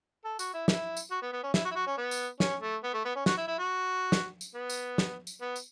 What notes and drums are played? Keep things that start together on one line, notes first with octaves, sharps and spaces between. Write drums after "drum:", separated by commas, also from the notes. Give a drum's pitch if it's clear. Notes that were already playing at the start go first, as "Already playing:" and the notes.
A4
F#4, drum: tambourine
E4
E4, drum: snare
drum: tambourine
F#4
B3
B3
C#4
E4, drum: snare
F#4
E4
F#4
C#4
B3
drum: tambourine
C#4, drum: snare
A3
B3
A3
B3
C#4
F#4, drum: snare
E4
E4
F#4
drum: snare
drum: tambourine
B3
drum: tambourine
drum: snare
drum: tambourine
B3
drum: tambourine